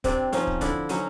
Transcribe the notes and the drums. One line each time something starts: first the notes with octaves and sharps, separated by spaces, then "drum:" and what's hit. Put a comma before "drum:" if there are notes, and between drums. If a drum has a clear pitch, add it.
C3 C4 D4, drum: kick, hi-hat
F3 C#4 D#4, drum: hi-hat
drum: kick
D3 D4 E4, drum: kick, hi-hat
F#3 C#4 D#4, drum: hi-hat